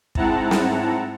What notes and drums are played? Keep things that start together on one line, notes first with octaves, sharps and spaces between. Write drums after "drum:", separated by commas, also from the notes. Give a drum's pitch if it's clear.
G#2 C4 E4 F#5 A5 A#5, drum: kick
drum: snare